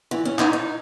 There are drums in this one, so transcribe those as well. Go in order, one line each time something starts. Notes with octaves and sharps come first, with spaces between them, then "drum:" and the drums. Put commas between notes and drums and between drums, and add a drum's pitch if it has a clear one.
E3
C#4
D#4, drum: clap
D#4